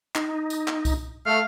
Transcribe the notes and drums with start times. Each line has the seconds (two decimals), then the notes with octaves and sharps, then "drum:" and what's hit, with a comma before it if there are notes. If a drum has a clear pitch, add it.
0.15 D#4, drum: clap
0.50 drum: tambourine
0.68 drum: clap
0.85 drum: kick C2, tambourine
1.26 A3 F5